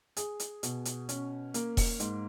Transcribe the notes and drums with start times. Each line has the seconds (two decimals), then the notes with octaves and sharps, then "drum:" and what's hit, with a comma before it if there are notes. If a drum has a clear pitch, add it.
0.17 G#4, drum: hi-hat
0.40 drum: hi-hat
0.63 B2, drum: hi-hat
0.85 drum: hi-hat
1.09 C#4, drum: hi-hat
1.54 A#3, drum: hi-hat
1.77 drum: kick E1, open hi-hat
2.00 G#2, drum: hi-hat